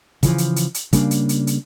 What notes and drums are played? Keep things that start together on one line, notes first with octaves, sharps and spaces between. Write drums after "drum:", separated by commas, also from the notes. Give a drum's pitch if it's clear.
C#3 E3 F3, drum: kick, hi-hat
drum: hi-hat
drum: hi-hat
drum: hi-hat
C#3 G3 A#3 D4, drum: kick, hi-hat
drum: hi-hat
drum: hi-hat
drum: hi-hat